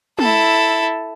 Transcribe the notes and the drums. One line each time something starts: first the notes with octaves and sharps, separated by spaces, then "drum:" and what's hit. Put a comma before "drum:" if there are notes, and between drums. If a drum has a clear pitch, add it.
E4 A4, drum: tom